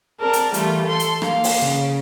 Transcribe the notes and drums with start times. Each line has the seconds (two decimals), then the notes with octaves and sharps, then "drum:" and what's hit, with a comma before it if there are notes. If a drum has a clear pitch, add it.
0.20 C4 A#4 D5 A5
0.33 drum: hi-hat
0.54 E3 G3 A3 F4, drum: hi-hat
0.85 A4 C6
1.00 drum: hi-hat
1.22 A#3 F5, drum: rim click
1.44 drum: open hi-hat
1.59 C#3